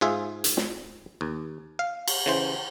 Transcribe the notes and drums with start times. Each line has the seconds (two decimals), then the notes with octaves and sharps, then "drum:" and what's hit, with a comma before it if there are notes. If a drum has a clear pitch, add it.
0.01 G#2 F4 G#4 E5
0.44 drum: hi-hat
0.57 drum: snare
1.21 D#2
1.79 F5
2.08 drum: cymbal
2.26 C#3 E3 C5